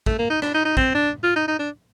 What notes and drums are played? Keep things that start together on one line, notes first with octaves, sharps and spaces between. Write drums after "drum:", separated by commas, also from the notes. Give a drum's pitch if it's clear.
A3, drum: kick
A#3
D#4
D4, drum: rim click
D#4
D#4
C4, drum: kick
D4
F4
D#4
D#4
D4